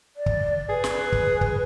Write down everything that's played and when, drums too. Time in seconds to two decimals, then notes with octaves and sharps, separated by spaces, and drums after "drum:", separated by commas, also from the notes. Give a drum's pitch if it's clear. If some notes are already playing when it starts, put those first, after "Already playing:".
0.17 D5
0.26 drum: kick
0.69 G#4 B4
0.84 drum: snare
1.12 drum: kick
1.41 drum: kick